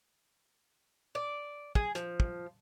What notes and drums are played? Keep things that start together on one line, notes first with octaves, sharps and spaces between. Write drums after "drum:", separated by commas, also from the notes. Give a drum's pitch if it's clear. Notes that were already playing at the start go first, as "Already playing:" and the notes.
D5
G#4, drum: kick
F3, drum: hi-hat
drum: kick